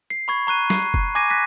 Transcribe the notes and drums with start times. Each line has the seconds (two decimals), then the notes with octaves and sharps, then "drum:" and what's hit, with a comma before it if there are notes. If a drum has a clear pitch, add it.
0.10 C7
0.28 B5 C#6 G#6
0.47 A#5 C#6 F#6 D#7
0.70 C7, drum: snare
0.94 drum: kick
1.15 G#5 D6 G#6 A#6 D#7
1.30 F#6 A#6 B6